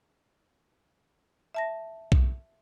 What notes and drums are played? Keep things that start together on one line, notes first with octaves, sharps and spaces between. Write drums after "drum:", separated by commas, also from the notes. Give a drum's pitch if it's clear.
E5 A5 A#6
drum: kick B1